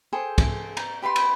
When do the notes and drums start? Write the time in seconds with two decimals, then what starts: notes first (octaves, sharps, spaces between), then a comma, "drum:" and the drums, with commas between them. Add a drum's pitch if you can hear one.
0.13 G#4 A4 C5 G5
0.38 drum: kick, cymbal
0.77 A#5, drum: cymbal
1.02 G4 B4 B5 C6
1.16 drum: cymbal